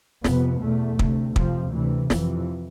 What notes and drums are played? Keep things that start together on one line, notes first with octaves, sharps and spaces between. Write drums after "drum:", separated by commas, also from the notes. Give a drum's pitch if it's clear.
F2 C3 B3, drum: snare
E2 B2 A3
D2 C3, drum: kick
F2 C3 F3, drum: kick
D2 C3 E3
F2 C3 E3, drum: snare